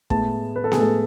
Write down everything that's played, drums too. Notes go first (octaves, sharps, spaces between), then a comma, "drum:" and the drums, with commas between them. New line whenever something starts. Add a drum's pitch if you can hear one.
A2 G#3 B3 A5, drum: kick
B4
A4
G#4, drum: snare B3
A2 G#3 B3 A4